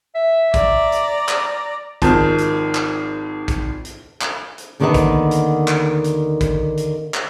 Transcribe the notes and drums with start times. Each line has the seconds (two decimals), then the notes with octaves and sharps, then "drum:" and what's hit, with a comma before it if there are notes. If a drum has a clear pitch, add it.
0.15 E5
0.54 D5 A#5, drum: kick, hi-hat
0.92 drum: hi-hat
1.29 drum: clap
2.02 G#1 D#3 F3 A5, drum: kick, hi-hat
2.38 drum: hi-hat
2.75 drum: clap
3.48 drum: kick, hi-hat
3.85 drum: hi-hat
4.21 drum: clap
4.58 drum: hi-hat
4.80 D#2 D3 D#3 B3 D#4 F#5
4.94 drum: kick, hi-hat
5.31 drum: hi-hat
5.68 drum: clap
6.04 drum: hi-hat
6.41 drum: kick, hi-hat
6.77 drum: hi-hat
7.14 drum: clap